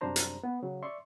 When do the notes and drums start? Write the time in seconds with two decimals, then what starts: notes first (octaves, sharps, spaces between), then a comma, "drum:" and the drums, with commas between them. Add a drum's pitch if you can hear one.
0.01 F#2 C3 G3 D4 C5 A#5
0.16 drum: hi-hat
0.44 B3
0.63 C#3 F#3
0.83 D5 E5 C6 C#6